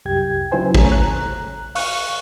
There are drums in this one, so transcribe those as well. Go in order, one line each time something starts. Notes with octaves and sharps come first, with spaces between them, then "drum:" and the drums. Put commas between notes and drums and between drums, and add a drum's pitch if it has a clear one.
C2 F#2 G4 G5 G#6
C#3 F#3 E4 B4 C5 G#5
C#3 A3 A4 C#5 G#5 A#5, drum: kick
A#5 F#6
F5 C#6 F#6, drum: open hi-hat